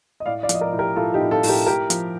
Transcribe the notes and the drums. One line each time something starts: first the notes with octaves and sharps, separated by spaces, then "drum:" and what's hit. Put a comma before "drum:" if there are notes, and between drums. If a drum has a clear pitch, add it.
D#5
A2 D5 F5
D5 F5
F3, drum: hi-hat
D#5
A#4 D5
A2
G4 A#4
A2 F4 A4
D#4 G4
A2
F4 A4
A2, drum: open hi-hat
G4 A#4
A2 G4 A#4
F3, drum: hi-hat